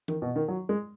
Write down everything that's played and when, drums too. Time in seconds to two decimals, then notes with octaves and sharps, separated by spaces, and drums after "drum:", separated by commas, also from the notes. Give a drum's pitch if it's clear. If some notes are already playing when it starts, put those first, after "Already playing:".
0.08 D#3, drum: tom E3
0.22 B2
0.36 D#3
0.48 F#3
0.69 G#3